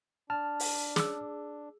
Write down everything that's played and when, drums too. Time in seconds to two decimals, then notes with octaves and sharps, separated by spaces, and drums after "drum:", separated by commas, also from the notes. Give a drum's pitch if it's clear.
0.30 D4 A5 F6
0.60 drum: open hi-hat
0.96 G#4 E6, drum: snare